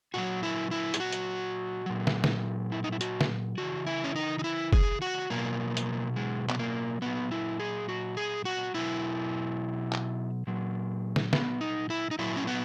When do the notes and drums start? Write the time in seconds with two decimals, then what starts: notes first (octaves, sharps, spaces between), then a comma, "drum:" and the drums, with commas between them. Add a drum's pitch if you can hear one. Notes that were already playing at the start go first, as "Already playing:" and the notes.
0.14 A#2 F#3 F#4
0.43 E4
0.71 E4
0.94 G#4, drum: hi-hat
1.00 F#4
1.13 drum: hi-hat
1.86 A#2 F#3
2.07 drum: snare
2.24 drum: snare
2.72 E4
2.84 D#4
2.92 E4
3.01 F#4, drum: hi-hat
3.21 drum: snare
3.58 C#3 E3 F#4
3.87 E4
4.04 C#4
4.16 D#4
4.39 D#4
4.44 E4
4.73 G#4, drum: kick
5.02 F#4
5.30 B2 F#3 A#3
5.77 drum: hi-hat
6.16 G#3
6.50 B3, drum: clap
6.59 A#3
7.02 A#2 F#3 B3
7.31 E4
7.60 G#4
7.88 F#4
8.17 G#4
8.45 F#4
8.74 B2 F#3 E4
9.93 drum: clap
10.47 A#2 F#3
11.16 drum: snare
11.33 B3, drum: snare
11.61 D#4
11.90 E4
12.11 D#4
12.19 A#2 F#3 E4
12.36 C#4
12.47 B3